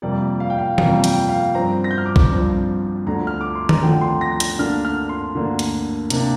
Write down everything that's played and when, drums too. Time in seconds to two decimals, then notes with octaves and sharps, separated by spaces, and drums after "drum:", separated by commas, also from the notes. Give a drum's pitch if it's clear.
0.02 F2 C3 G3 A#3 D5
0.40 F5
0.50 G5
0.58 F5
0.78 F2 C3 G3 A#3 F5, drum: tom E3
1.04 G5, drum: hi-hat
1.29 F5
1.55 G2 F3 C4 A#5
1.84 A#6
1.91 G6
1.98 F6
2.06 D6
2.16 drum: kick
2.30 G2 F3 C4
3.07 D2 D3 F3 A#5
3.27 F6
3.41 D6
3.55 C6
3.69 A#5, drum: tom D#3
3.83 D2 D3 F3 G5
4.01 C6
4.21 A#6
4.40 A#6, drum: hi-hat
4.59 D2 D3 A#3 D4 F6
4.85 F6
5.09 C6
5.35 D2 D3 A#3 D4
5.59 drum: hi-hat
6.10 C3 A#3 D4, drum: hi-hat